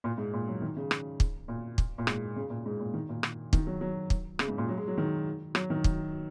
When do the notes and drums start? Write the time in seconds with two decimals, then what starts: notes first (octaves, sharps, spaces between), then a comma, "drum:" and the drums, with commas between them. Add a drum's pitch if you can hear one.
0.04 A#2
0.18 G#2
0.33 A#2
0.48 F#3
0.62 D#3
0.76 C#3
0.91 drum: rim click
1.20 drum: kick
1.48 A#2
1.78 drum: kick
1.98 A#2
2.07 G#2, drum: rim click
2.36 C#3
2.50 A#2
2.66 G#2
2.80 A#2
2.94 D#3
3.09 A#2
3.23 drum: rim click
3.53 D#3, drum: kick
3.67 F#3
3.81 F#3
4.10 drum: kick
4.39 C#3, drum: rim click
4.48 G#2
4.58 A#2
4.68 F#3
4.77 G#3
4.88 F#3
4.98 D#3
5.55 F#3, drum: rim click
5.70 D#3
5.84 drum: kick